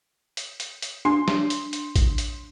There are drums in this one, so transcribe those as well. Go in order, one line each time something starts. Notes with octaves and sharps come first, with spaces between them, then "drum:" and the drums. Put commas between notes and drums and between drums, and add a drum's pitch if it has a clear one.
drum: hi-hat
drum: hi-hat
drum: hi-hat
D4 C6
drum: snare
drum: hi-hat
drum: hi-hat
drum: kick A1, hi-hat
drum: hi-hat